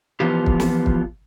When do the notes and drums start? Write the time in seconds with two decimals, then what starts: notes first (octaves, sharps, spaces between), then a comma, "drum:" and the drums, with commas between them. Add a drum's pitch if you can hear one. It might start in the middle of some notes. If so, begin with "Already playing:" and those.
0.20 E3 F3 B3 F4 G4
0.46 drum: kick
0.60 drum: snare
0.86 drum: kick